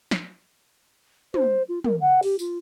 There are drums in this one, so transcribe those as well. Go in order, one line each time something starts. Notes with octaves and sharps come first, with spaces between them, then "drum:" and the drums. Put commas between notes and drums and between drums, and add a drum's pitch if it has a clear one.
drum: snare
C5, drum: tom
F4
A#4, drum: tom
F#5
G4, drum: open hi-hat
F4, drum: tambourine